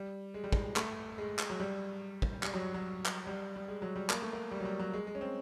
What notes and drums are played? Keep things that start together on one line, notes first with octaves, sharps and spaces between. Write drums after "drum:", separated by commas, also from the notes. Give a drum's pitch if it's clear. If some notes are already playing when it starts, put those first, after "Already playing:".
Already playing: G3
G#3
G3
G#3, drum: kick
A3, drum: clap
G#3
drum: clap
F#3
G3
drum: kick
G3, drum: clap
F#3
F#3
drum: clap
G3
G3
G#3
F#3
G3
A#3, drum: clap
A3
A#3
G3
F#3
G3
F#3
G#3
G#3
C#4
C4